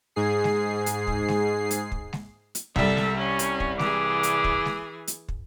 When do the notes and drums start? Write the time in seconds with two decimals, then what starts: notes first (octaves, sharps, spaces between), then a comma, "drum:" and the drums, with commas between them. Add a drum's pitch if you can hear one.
0.16 G#2 G#4 C7
0.44 drum: snare G#3
0.86 drum: hi-hat
1.07 drum: kick
1.28 drum: snare G#3
1.71 drum: hi-hat
1.92 drum: kick
2.13 drum: snare G#3
2.55 drum: hi-hat
2.76 C2 G3 A4 E5, drum: kick
2.97 drum: snare G#3
3.17 C#4
3.39 drum: hi-hat
3.60 drum: kick
3.79 E3 G#4 D6, drum: snare G#3
4.23 drum: hi-hat
4.44 drum: kick
4.65 drum: snare G#3
5.07 drum: hi-hat
5.29 drum: kick